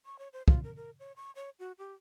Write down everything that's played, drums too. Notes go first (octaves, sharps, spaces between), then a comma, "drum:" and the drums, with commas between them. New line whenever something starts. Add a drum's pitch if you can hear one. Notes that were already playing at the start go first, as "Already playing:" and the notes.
C#6
C#5
C5
F4, drum: kick
A#4
A#4
C#5
C#6
C#5
F#4
G4